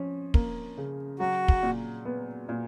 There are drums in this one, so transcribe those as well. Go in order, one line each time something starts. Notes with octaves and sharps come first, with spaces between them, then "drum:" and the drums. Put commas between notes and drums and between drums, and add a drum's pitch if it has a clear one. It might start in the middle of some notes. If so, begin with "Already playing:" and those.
Already playing: F3 C#4
A#3, drum: kick
C#3
F#3 F#4
drum: kick
A#2
B3
A#2